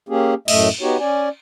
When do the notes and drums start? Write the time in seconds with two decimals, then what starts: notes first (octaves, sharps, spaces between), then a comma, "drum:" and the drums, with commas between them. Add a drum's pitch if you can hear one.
0.09 A#3 C#4 G4 G#4
0.48 F#2 A2 A3 D#5 E5, drum: cymbal
0.81 B3 D#4 F#4 G4 C#5
1.00 C#4 D5 G#5